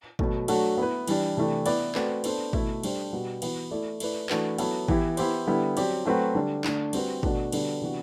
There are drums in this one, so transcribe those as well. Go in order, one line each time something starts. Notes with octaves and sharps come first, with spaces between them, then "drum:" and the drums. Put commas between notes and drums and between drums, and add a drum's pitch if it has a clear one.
B2 F#3 A3, drum: kick G#1
F#3 A3 D4 F#4 A4, drum: cymbal
B3 E4 B4
E3 G3 D4, drum: cymbal
C3 E3 A3 D4
B3 E4 B4 D5, drum: cymbal
A3 C4 F#4 B4 D5, drum: clap
B3 D4 A4 C5, drum: cymbal
B2 A3 E4 A4, drum: kick G#1
G3 D4 A4 C5, drum: cymbal
B2 G3 B3 F#4
E3 B3 F#4 B4, drum: cymbal
A3 E4 A4 D5
A3 E4 B4 D5, drum: cymbal
E3 A3 D4 F#4 B4, drum: clap
F#3 B3 E4 A4, drum: cymbal
E3 B3 E4 G4, drum: kick G#1
B3 E4 G4 C5, drum: cymbal
D3 G3 B3 E4
F#3 C4 G4 D5, drum: cymbal
F#3 A3 C4 F#4 B4
D3 G3 D4
D3 A3 D4, drum: clap
G3 C4 F#4 B4, drum: cymbal
B2 A3 D4 F#4, drum: kick G#1
D3 G3 B3 D4 F#4, drum: cymbal
C3 E3 B3 D4 F#4